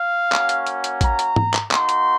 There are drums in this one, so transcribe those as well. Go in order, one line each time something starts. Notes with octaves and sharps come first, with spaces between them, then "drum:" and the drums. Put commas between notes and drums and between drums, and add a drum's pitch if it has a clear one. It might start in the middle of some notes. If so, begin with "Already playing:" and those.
Already playing: F5
A#3 C#4 F#4, drum: clap
drum: hi-hat
drum: hi-hat
drum: hi-hat
A#5, drum: kick, hi-hat
drum: hi-hat
drum: tom G#2
drum: clap
A#3 D#4 F#4 C6, drum: clap
drum: hi-hat